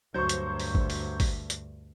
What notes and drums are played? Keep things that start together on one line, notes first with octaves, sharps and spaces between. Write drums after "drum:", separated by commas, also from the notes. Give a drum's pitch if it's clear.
D2 G2 F#3 C5 C#6 G6
drum: hi-hat
drum: open hi-hat
drum: kick
drum: open hi-hat
drum: kick, open hi-hat
drum: hi-hat